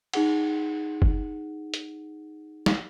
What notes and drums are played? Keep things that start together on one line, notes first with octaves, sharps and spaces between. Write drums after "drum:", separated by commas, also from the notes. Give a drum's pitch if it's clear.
D#4 G#4 F#5, drum: cymbal
drum: kick
drum: hi-hat
drum: snare